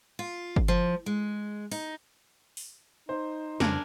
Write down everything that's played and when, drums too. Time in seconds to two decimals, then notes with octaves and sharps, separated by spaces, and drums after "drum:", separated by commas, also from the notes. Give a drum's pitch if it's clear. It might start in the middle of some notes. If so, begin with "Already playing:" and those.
0.19 F4
0.56 drum: kick
0.68 F3
1.06 G#3
1.71 D#4, drum: open hi-hat
2.57 drum: open hi-hat
3.09 D#4 C5
3.60 F2 C#3 D4 A#4 G#5, drum: snare